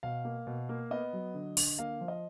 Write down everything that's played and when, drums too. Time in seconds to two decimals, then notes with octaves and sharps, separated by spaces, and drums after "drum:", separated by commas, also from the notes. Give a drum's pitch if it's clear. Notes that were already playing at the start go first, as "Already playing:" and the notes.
0.03 B2 F5
0.25 A#3
0.47 B2
0.69 A#3
0.91 B3 D#5
1.13 F#3
1.34 D3
1.57 D3, drum: open hi-hat
1.79 A#3 F5
2.01 F3
2.08 D#5